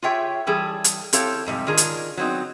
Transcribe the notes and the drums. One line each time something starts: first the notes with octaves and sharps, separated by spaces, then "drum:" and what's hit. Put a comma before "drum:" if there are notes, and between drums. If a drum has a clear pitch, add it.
F4 G4 G#4 C#5 E5 G5
E3 G3 G#4 A4
drum: hi-hat
C4 E4 G4 A4 C#5 F5, drum: hi-hat
F2 G#2 C3 G3
D#3 D4 F4 G#4 A#4
drum: hi-hat
F#3 B3 C4 D#4